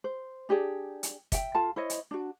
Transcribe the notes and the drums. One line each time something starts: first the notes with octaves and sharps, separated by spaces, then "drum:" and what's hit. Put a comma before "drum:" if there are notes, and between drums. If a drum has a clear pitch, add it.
C5
D4 G4 G#4 D5
drum: hi-hat
E5 G5, drum: kick, hi-hat
F4 A4 F5 A5
E4 C5 C#5 D#5
drum: hi-hat
D4 F#4